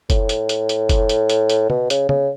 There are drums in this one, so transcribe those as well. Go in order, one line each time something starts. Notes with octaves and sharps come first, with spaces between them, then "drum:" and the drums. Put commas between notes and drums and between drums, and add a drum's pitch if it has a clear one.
A2, drum: kick F#1, hi-hat
drum: hi-hat
drum: hi-hat
drum: hi-hat
drum: kick F#1, hi-hat
drum: hi-hat
drum: hi-hat
drum: hi-hat
B2, drum: tom
C#3, drum: hi-hat
C#3, drum: tom